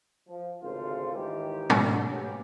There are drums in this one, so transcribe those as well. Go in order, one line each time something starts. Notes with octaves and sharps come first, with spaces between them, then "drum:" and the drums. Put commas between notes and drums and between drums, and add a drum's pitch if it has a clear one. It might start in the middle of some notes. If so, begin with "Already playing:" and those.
F3
G#1 D2 C#3 F4 A4 C5
D#2 G#2 D#3 E3 G4
drum: tom
D3
F#3 A#3 B3 C#4 G4